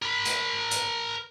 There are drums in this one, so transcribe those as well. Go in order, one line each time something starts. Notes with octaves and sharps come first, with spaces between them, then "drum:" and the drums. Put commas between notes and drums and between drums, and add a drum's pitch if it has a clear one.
A#4 B5
drum: hi-hat
drum: hi-hat